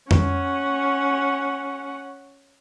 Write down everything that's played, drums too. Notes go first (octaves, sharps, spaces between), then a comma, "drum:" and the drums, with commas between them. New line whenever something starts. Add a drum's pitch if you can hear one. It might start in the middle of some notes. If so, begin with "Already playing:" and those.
C#4 F#5, drum: tom F2